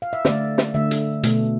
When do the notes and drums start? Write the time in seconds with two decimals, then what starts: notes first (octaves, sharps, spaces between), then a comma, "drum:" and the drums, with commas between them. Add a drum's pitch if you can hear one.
0.02 F5
0.13 E5
0.25 D3 A3 D5, drum: snare
0.58 drum: snare
0.74 D3 A3 E5
0.91 drum: hi-hat
1.23 B2 A3, drum: hi-hat